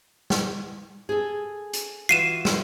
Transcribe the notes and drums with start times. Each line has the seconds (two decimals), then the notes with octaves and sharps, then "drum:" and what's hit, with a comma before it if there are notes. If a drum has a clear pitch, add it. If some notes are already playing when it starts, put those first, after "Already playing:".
0.30 drum: snare
1.09 G#4 A4
1.73 drum: hi-hat
2.09 E3 F4 F#4 C7 D#7 E7
2.45 drum: snare